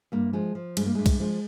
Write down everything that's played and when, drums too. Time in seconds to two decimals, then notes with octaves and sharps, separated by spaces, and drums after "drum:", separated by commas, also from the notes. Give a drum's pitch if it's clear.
0.12 G2 A#3
0.33 F3 G#3
0.55 F3
0.77 G2 G#3, drum: cymbal
0.86 A#3
0.95 G2 G#3
1.06 drum: kick, cymbal
1.20 F3 G#3